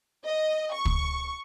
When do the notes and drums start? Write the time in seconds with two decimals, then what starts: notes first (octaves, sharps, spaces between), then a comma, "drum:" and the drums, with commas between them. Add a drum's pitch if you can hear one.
0.25 D#5
0.74 C#6
0.85 drum: kick